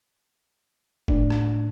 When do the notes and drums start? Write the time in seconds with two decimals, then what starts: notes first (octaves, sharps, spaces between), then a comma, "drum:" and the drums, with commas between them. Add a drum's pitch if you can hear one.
1.08 A2 D4, drum: kick
1.30 drum: rim click